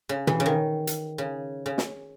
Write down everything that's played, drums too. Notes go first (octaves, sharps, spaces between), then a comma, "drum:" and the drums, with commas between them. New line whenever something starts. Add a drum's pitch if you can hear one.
C#3
E3, drum: tom
C#3
D#3
drum: hi-hat
C#3
C#3
drum: snare